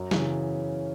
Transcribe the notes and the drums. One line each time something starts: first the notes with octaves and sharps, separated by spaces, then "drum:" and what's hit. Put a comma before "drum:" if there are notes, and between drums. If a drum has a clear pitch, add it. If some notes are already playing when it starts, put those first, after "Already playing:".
Already playing: F#2
C#3 E3, drum: snare